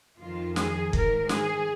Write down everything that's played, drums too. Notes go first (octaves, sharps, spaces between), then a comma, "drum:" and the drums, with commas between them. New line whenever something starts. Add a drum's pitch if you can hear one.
F2 D#3 F4
G#4, drum: snare
G#2 D#3 A#4, drum: kick
G#4, drum: snare